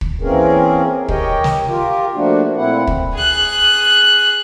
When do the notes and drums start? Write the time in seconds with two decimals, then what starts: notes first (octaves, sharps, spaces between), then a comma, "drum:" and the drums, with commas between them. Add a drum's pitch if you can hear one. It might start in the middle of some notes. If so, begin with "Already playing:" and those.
0.01 drum: kick
0.21 E3 A#3 C4 C#4 G#4 A#4
1.08 G4 A#4 C#5 D#5 G5, drum: kick
1.44 drum: snare
1.68 F4 G4 A#4
2.15 F3 A3 A#3 D4 F#4
2.57 A#2 A3 C4 E4 F#5
2.87 drum: kick
3.14 G#4 F#6